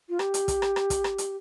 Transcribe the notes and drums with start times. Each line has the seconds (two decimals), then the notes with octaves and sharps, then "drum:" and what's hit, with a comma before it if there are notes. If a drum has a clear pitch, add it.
0.09 F4
0.19 G4, drum: rim click
0.34 drum: hi-hat
0.48 drum: kick, hi-hat
0.62 drum: rim click
0.76 drum: rim click
0.90 drum: kick, hi-hat
1.04 drum: rim click
1.18 drum: hi-hat